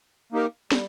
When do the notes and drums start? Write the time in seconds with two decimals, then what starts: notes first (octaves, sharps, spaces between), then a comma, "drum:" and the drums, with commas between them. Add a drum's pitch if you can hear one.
0.32 A#3 D#4 G4 A#4
0.72 G3, drum: snare